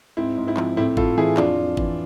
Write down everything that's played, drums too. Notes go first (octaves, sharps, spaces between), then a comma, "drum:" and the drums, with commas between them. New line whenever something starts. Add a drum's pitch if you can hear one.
G#2 C4 E4
G#2
C4 E4
F3, drum: clap
A2 C4 E4
A2 F4 A4, drum: kick G1
E3 E4 G#4
F2 D4 F4, drum: clap
F2
E3, drum: kick G1